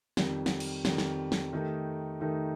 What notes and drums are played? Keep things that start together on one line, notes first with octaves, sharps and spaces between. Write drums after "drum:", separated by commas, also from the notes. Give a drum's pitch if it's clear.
F2 D#3 G3, drum: snare
drum: snare
drum: cymbal
F2 D#3 G3, drum: snare
drum: snare
drum: snare
D#3 A3 D#4 G4
D#3 A3 D#4 G4